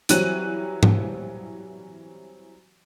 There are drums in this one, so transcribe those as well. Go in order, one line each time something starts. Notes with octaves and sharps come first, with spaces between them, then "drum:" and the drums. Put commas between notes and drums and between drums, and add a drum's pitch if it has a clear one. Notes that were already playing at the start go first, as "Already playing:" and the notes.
E3 F#3 G3 C4 F#6 D#7, drum: hi-hat
drum: tom G#2